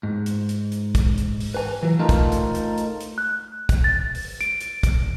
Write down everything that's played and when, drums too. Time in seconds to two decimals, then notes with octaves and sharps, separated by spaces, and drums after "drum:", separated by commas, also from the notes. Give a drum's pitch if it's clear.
0.03 G#2
0.26 drum: hi-hat
0.49 drum: hi-hat
0.72 drum: hi-hat
0.95 drum: kick, hi-hat
1.18 drum: hi-hat
1.41 drum: open hi-hat
1.54 B4 G#5
1.83 E3 F#3
1.99 A3 D#4 F4 A4 A#4
2.09 drum: kick, hi-hat
2.32 drum: hi-hat
2.55 drum: hi-hat
2.78 drum: hi-hat
3.01 drum: hi-hat
3.18 F#6
3.69 drum: kick, hi-hat
3.84 A6
4.15 drum: open hi-hat
4.41 D7, drum: hi-hat
4.61 drum: hi-hat
4.83 drum: kick, hi-hat